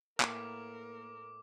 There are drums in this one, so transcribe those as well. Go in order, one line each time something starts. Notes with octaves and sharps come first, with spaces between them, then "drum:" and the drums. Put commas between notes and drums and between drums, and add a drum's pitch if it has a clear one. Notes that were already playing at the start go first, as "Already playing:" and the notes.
A2 A#3 B3 A#4 D6, drum: clap